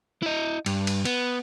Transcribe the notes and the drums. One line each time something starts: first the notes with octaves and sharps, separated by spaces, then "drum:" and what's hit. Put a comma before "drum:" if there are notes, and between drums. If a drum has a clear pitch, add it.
E4 D#5
G2, drum: cymbal
drum: cymbal
B3, drum: cymbal